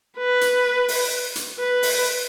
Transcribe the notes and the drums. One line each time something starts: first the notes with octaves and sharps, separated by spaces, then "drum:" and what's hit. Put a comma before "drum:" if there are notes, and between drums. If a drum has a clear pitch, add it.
B4
drum: hi-hat
drum: open hi-hat
drum: hi-hat
B4
drum: open hi-hat